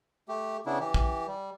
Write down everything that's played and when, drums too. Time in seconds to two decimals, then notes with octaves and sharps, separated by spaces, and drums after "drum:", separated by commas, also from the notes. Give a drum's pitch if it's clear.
0.28 A3 G4
0.66 C#3 B3 D4 E4
0.80 E3 G4
0.94 drum: kick
1.27 G3